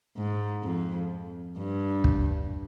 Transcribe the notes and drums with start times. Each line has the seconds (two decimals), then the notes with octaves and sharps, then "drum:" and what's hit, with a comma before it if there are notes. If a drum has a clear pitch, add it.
0.17 G#2
0.63 F2
1.58 G2
2.04 drum: kick